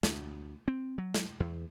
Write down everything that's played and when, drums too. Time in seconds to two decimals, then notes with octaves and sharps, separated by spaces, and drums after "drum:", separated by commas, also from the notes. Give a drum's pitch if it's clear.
0.03 D2, drum: snare
0.68 C4
0.98 F#3
1.14 drum: snare
1.40 E2